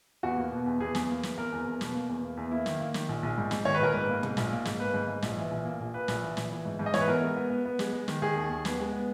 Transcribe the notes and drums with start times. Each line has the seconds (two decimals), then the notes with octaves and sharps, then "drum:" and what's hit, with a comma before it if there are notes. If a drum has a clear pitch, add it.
0.23 E2 F#4
0.38 A#3
0.52 B2
0.66 E2
0.80 E2 G#4
0.95 E2, drum: snare
1.09 A#3
1.23 E2, drum: snare
1.37 E2 A#4
1.52 E2
1.66 E2
1.81 B2, drum: snare
1.94 A#3
2.09 E2
2.23 A#3
2.37 E2
2.51 A#3 E4
2.66 D#3, drum: snare
2.80 A#3
2.94 D#3, drum: snare
3.09 A#1
3.23 A#1
3.38 G#2
3.51 G#2, drum: snare
3.65 D#3 C#5
3.75 B4
3.80 A#1 A#4
3.93 G#2 B4
4.08 A#3
4.23 G#2, drum: tom
4.37 A#1, drum: snare
4.51 A#3
4.65 G#2, drum: snare
4.80 A#3 B4
4.94 G#2
5.08 G#2
5.22 A#1, drum: snare
5.37 E3
5.51 A#1
5.65 A#3
5.80 A#1
5.93 A#3 B4
6.08 A#1, drum: snare
6.22 E3
6.37 A#1, drum: snare
6.51 E3
6.65 G#2
6.79 G#2
6.86 D#5
6.94 E3 C#5, drum: snare
7.01 B4
7.08 B3 A#4
7.22 G#3
7.37 B3
7.50 B3
7.65 B3
7.79 G#3, drum: snare
7.93 G#3
8.08 D#3, drum: snare
8.22 D#3 G#4
8.36 D#2
8.50 D#2
8.65 B3, drum: snare
8.79 G#3
8.93 B3